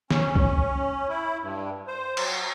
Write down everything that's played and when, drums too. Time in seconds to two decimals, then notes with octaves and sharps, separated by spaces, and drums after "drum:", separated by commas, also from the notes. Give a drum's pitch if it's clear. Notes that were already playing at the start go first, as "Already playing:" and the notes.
0.10 C#4, drum: snare
0.35 drum: kick C2
1.09 E4
1.42 G2
1.87 C5
2.17 F#3, drum: cymbal